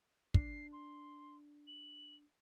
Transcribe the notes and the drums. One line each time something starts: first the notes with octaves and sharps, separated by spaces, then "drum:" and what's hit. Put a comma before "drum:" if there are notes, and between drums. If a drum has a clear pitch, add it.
D4 C7, drum: kick
C6
F#7